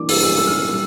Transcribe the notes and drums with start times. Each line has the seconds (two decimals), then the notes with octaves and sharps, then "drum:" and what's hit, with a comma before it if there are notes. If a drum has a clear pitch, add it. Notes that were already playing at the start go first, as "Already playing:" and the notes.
Already playing: E3 A#3 D4 D6
0.09 E6, drum: open hi-hat
0.23 E6
0.38 E6
0.47 F6
0.69 G3 D4 E6